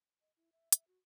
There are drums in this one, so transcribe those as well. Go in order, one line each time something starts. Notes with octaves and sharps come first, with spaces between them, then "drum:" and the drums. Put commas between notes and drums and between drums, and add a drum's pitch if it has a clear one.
D#5
E4
E5
E5, drum: hi-hat
F#4